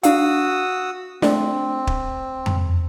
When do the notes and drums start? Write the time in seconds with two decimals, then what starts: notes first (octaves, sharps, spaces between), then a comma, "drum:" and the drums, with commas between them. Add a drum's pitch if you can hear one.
0.03 D4 F#4 F5 D#6 E6, drum: hi-hat
1.22 A3 C4 D4 D5, drum: snare
1.87 drum: kick
2.46 drum: tom F2